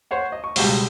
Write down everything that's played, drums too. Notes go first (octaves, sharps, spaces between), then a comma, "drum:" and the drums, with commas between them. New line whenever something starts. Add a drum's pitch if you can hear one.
C5 C#5 F#5
D#5
C#6
C#2 B2 G3 G#3, drum: open hi-hat